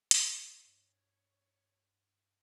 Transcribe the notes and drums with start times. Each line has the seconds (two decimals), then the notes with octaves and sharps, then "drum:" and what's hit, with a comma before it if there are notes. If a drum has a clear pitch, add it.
0.11 C#5, drum: hi-hat
0.63 G2